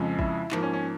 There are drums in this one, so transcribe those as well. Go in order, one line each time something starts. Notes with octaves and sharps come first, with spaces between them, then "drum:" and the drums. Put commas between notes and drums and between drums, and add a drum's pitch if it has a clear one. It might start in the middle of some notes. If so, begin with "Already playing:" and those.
Already playing: F2 C#3 F3 G#3
E4, drum: kick
G#2 F3 A#3, drum: clap
C#4
C#4